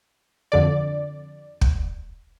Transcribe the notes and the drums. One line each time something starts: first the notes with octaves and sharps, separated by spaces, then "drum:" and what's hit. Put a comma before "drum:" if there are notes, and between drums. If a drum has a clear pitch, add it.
F2 D3 D5
drum: kick